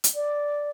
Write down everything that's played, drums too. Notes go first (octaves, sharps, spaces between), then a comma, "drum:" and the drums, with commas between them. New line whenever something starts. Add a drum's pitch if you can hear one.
drum: hi-hat
D5